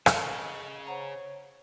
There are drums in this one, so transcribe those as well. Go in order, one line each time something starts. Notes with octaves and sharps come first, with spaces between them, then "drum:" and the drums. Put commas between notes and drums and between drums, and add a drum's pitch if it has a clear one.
C#3 A4 A#4 D#5, drum: rim click
C5 C#5 F#5 A#5